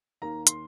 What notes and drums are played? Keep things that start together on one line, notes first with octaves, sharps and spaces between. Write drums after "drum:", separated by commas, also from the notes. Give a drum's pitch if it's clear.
D#2 D#3 A#3 A#5
C6, drum: hi-hat